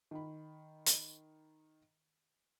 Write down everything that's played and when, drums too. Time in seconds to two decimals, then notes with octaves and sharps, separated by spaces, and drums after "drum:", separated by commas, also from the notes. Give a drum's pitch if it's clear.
0.11 D#3 B5
0.86 drum: hi-hat